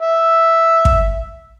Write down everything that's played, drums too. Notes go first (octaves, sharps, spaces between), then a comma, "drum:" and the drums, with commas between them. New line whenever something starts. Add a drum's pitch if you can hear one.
E5
drum: kick